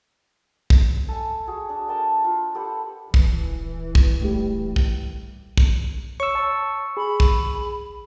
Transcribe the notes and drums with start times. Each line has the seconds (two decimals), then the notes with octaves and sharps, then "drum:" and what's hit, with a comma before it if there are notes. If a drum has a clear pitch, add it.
0.70 drum: kick
1.08 A4 G#5
1.47 F#4 G#4
1.69 D4
1.88 A4 A#4 G5 A5
2.24 F4
2.55 G4 A4 B4 F#5
3.14 D#1 E3, drum: kick
3.95 drum: kick
4.21 A2 G3
4.76 drum: kick
5.57 drum: kick
6.20 C#5 C#6 E6
6.35 A5
6.97 G#4 B5
7.20 drum: kick